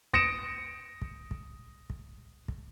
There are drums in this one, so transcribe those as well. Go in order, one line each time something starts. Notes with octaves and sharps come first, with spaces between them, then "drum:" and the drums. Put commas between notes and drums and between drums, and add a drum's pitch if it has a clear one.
D#6 A#6 C#7 D7 E7, drum: kick
drum: kick
drum: kick
drum: kick
drum: kick